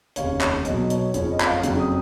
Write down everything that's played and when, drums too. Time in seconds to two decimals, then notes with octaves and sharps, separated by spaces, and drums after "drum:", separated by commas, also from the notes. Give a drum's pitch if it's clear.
0.16 F1 D#2 C#3 C#5 F5, drum: hi-hat
0.41 C#5, drum: clap
0.65 B1 B2 F#3 D#5, drum: hi-hat
0.90 C#5, drum: hi-hat
1.14 F#1 F2 F3 C#5, drum: hi-hat
1.31 D#5
1.40 F#5, drum: clap
1.47 C#5 F5
1.63 F#1 F2 C#3 F#3, drum: hi-hat
1.79 D#6